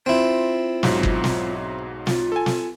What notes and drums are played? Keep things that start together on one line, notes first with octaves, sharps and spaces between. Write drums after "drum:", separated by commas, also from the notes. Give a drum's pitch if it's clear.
C4 E4 F4
B1 G#2 F#3, drum: snare
drum: kick
drum: snare
F4, drum: snare
A4 G#5
drum: snare